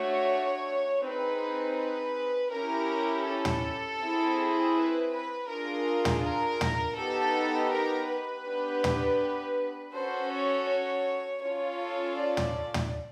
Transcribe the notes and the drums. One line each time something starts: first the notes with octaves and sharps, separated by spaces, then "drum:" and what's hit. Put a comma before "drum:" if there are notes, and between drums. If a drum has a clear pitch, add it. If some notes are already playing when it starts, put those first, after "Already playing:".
Already playing: A3 D4 F#4 C#5
C4 D#4 G#4 B4
B4
C#4 E4 G4 A#4
A4
drum: tom
C4 E4 G#4
B4
B4
D4 F4 G#4 A#4
drum: tom
A#4
drum: tom
B3 D#4 G4 A4
A#4
B4
B3 D4 G4
drum: tom
C#4 F#4 A4 C5
C#5
C#5
C#4 F4 A4 C#5
D5
drum: tom
drum: tom